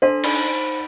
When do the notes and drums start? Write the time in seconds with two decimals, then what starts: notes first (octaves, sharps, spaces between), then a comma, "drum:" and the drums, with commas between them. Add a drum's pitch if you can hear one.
0.02 D4 A4 C5
0.24 D#4 B5, drum: cymbal